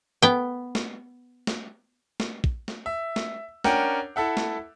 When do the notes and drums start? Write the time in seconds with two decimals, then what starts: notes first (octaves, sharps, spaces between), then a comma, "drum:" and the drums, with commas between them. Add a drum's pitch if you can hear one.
0.22 B3 G5
0.75 drum: snare
1.47 drum: snare
2.20 drum: snare
2.44 drum: kick
2.68 drum: snare
2.86 E5
3.16 drum: snare
3.64 C#4 D4 A#4 F#5 G5, drum: snare
4.16 E4 A4 E5 F#5
4.37 drum: snare